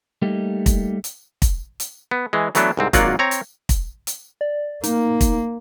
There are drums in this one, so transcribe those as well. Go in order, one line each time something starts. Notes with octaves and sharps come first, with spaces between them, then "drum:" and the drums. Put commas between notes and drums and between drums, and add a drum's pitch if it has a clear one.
G3 A3 A#3 D#4 G4
drum: kick, hi-hat
drum: hi-hat
drum: kick, hi-hat
drum: hi-hat
B3
E3 G#3
E3 F#3 A3 B3 D4, drum: hi-hat
C2 G#2 C4
G#1 F#3 A#3 F4 D5 F#5, drum: kick, hi-hat
C4 C#5 A#5
drum: hi-hat
drum: kick, hi-hat
drum: hi-hat
D5
A#3 D#4, drum: hi-hat
drum: kick, hi-hat